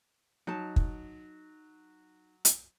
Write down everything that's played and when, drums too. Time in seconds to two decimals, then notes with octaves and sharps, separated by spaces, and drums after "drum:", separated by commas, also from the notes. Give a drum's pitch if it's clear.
0.47 F#3 D#4 A5
0.76 drum: kick
2.45 drum: hi-hat